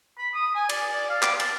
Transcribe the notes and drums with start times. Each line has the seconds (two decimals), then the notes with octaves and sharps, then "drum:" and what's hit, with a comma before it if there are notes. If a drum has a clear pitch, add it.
0.18 B5
0.34 D#6
0.55 G#5
0.69 D5, drum: cymbal
0.93 D5
1.09 F5
1.23 D6, drum: clap
1.40 A5, drum: cymbal